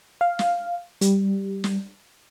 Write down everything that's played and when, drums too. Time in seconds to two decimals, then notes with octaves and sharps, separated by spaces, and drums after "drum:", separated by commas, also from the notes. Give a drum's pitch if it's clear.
0.21 F5
0.39 drum: snare
1.01 G3, drum: hi-hat
1.64 drum: snare